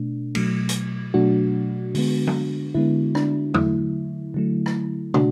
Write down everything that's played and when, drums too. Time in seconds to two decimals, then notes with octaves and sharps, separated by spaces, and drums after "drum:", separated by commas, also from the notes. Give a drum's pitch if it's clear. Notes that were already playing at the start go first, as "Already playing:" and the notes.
Already playing: B2 A3 D4
0.35 B2 F#3 A3, drum: cymbal
0.69 drum: hi-hat
1.14 B2 F#3 A3 D4 F#4
1.95 D3 G#3 B3, drum: open hi-hat
2.27 drum: tom F#3
2.75 D3 G#3 B3 E4
3.15 D4, drum: rim click
3.54 D3 F#3 A3 E4, drum: tom E2
4.34 D3 F#3 A3
4.66 drum: rim click
5.14 B2 D4 F#4, drum: tom